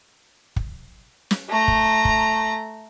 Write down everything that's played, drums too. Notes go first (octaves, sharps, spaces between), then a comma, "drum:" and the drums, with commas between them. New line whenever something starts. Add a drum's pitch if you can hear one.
drum: kick
drum: snare
A3 A#5
drum: kick
drum: kick